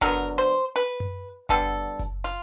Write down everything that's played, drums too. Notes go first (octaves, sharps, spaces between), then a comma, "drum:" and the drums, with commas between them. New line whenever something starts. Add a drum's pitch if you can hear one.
D3 F#3 B3 A#4, drum: kick F#1, hi-hat
C5
drum: hi-hat
B4
drum: tom F#2
D3 G3 B3 A4, drum: kick F#1, hi-hat
drum: kick F#1, hi-hat
F4